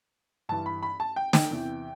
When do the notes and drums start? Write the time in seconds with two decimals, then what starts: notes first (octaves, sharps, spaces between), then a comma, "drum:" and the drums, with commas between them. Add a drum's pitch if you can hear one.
0.49 G2 E3 A5
0.66 B5
0.83 B5
1.00 A5
1.16 G5
1.33 G5, drum: snare
1.51 E2 C3 E3